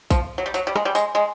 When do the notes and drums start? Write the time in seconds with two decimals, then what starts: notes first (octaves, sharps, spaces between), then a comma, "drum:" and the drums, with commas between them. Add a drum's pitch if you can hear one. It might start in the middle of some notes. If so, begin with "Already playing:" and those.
0.10 F3, drum: kick A#1, tambourine
0.38 F#3
0.46 G3
0.54 F#3, drum: tambourine
0.67 G3
0.76 G#3, drum: rim click
0.85 G3
0.95 G#3, drum: tambourine
1.15 G#3